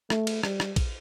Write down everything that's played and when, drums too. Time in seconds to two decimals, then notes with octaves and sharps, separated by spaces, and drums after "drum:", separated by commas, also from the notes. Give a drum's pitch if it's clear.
0.10 A3, drum: rim click
0.27 drum: cymbal
0.43 G3, drum: rim click
0.60 drum: rim click
0.76 drum: kick, cymbal